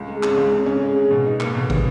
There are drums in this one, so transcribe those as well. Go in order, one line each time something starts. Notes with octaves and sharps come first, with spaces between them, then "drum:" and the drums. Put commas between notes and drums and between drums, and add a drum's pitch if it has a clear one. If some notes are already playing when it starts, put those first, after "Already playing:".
Already playing: C#2
G#3
C#3, drum: clap
C#2
C#3
C#4
G#3
C#3
B2
D#4
A#3, drum: clap
B2
drum: kick